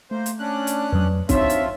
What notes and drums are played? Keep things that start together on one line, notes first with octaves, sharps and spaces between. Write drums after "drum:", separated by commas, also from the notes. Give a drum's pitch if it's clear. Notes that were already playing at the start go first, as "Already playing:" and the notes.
A3 A#3 C5
drum: hi-hat
C#4 D4 F#6
drum: hi-hat
F2 F#3 B4 D5 D#6
F3 C4 D4 D#4 F4 F#4 C#5 E5, drum: kick C2, hi-hat
drum: hi-hat